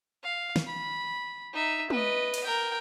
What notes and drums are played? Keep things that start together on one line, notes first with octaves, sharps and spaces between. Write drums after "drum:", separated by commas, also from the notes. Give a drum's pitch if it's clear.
F5
drum: snare
B5
D#4 E5
B4 D#5, drum: tom
drum: cymbal
A#4 G5